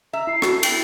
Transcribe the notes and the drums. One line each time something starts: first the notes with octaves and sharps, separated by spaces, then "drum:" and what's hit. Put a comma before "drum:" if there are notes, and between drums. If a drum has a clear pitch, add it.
E5 A#5
E4 C7
E4 F#4 A4, drum: rim click
G5, drum: cymbal